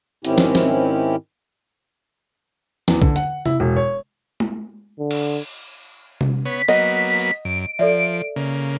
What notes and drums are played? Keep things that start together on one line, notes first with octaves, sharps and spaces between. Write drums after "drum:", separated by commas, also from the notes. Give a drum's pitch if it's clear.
G#2 D#3 C4 C#4 E4 G4, drum: hi-hat
drum: snare
drum: snare
E2, drum: snare
D3, drum: kick B1
F#5, drum: hi-hat
E4, drum: tom C3
E1
C#5
drum: tom G#3
D3
drum: cymbal
drum: tom C3
B3 C#5 B6
F#3 A#3 B3 D#5 F#5, drum: hi-hat
drum: open hi-hat
F#2 D7
F3 A4 D5 E5
C#3 A#3